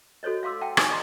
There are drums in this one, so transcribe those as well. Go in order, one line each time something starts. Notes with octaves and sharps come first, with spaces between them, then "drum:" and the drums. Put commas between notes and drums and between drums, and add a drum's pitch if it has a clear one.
F#4 A4 C5 C#5 D#5
E5 F5 C6 D6 E6
E5 F#5 G5 A5
D#4 B4 C#5 G#5 C#6, drum: rim click
D5 D#5 A#5 C6